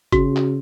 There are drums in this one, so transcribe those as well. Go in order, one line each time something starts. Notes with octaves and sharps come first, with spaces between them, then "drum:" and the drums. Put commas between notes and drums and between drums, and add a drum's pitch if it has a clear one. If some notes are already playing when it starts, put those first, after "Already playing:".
C#3 F#4, drum: kick G1, hi-hat
drum: clap